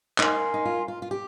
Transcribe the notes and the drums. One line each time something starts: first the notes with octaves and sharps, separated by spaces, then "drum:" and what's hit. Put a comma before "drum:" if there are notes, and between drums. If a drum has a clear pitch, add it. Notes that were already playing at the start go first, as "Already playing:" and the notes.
D#4 A#4 F5 G#5 C6, drum: clap
D#4
F4
F4
F4
G4